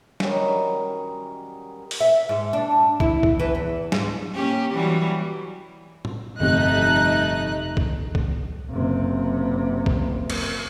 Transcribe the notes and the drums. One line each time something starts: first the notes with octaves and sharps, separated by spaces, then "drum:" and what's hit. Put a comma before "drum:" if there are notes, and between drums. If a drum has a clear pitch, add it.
D#3 F#3 G3 C#4, drum: snare
drum: open hi-hat
E5
G#2
D4
E4, drum: kick C2
drum: kick C2
E3
E2
G#2, drum: snare
A#3 C#4 G4
E3 F#3 G3
drum: tom A2
G1 F2 C3 A3 D#4 F#6
drum: kick C2
drum: kick C2
F#1 C3
drum: kick C2
drum: cymbal